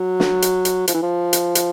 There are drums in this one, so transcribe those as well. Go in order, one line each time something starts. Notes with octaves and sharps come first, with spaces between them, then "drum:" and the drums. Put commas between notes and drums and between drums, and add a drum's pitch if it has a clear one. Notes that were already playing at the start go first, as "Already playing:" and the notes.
Already playing: F#3
drum: snare
drum: hi-hat
drum: hi-hat
F3, drum: hi-hat
E3
F3
drum: hi-hat
drum: hi-hat